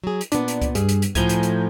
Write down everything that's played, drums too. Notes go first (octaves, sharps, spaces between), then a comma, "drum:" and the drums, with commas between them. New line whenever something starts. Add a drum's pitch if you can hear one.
F#3 G#4
drum: hi-hat
A#2 B3 D4, drum: hi-hat
drum: hi-hat
drum: kick C#2, hi-hat
G2 G#4, drum: hi-hat
drum: hi-hat
drum: hi-hat
A2 F3 A3 G#5 A#5 G6, drum: kick C#2, hi-hat
drum: hi-hat
drum: hi-hat